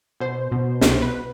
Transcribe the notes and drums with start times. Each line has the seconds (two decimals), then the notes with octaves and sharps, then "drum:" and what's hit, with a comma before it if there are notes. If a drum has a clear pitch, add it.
0.20 B2 C5
0.52 B2
0.81 C2 C5, drum: snare
1.02 B4